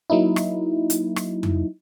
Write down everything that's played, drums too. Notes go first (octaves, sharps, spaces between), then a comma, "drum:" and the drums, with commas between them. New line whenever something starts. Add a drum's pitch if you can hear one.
F#3 A#3 D#4 E4
drum: rim click
drum: hi-hat
drum: rim click
drum: tom F2